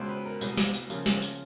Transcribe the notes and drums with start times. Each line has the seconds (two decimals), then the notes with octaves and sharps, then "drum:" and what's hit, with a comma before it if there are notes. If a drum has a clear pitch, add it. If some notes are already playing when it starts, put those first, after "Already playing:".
Already playing: C#2 B2 G#3 B3 C5
0.09 B4
0.25 A#4
0.41 C2 B2 G#3 B3, drum: tambourine
0.57 drum: snare
0.74 drum: tambourine
0.90 C#3 F3 A#3, drum: tambourine
1.06 drum: snare
1.22 drum: tambourine